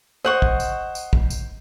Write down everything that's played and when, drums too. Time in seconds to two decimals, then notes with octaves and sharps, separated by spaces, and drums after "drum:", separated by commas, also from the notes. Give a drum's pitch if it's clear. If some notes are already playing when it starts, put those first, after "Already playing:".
0.25 C5 D#5 F#5 C#6
0.42 drum: kick
0.60 drum: tambourine
0.95 drum: tambourine
1.13 drum: kick
1.30 drum: tambourine